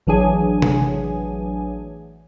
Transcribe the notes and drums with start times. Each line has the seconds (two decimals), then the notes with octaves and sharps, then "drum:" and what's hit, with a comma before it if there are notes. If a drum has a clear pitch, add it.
0.07 A1 E3 F#3 D4 G#4 G#5
0.62 drum: tom C3